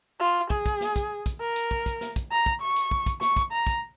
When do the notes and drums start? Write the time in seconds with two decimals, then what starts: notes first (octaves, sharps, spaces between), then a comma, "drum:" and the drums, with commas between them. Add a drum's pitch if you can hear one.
0.20 F4
0.50 G#4, drum: kick
0.66 drum: kick, hi-hat
0.81 drum: snare
0.96 drum: kick, hi-hat
1.26 drum: kick, hi-hat
1.41 A#4
1.56 drum: hi-hat
1.71 drum: kick
1.86 drum: kick, hi-hat
2.01 drum: snare
2.16 drum: kick, hi-hat
2.32 A#5
2.46 drum: kick
2.61 C#6
2.76 drum: hi-hat
2.91 drum: kick
3.06 drum: kick, hi-hat
3.21 C#6, drum: snare
3.37 drum: kick, hi-hat
3.52 A#5
3.67 drum: kick, hi-hat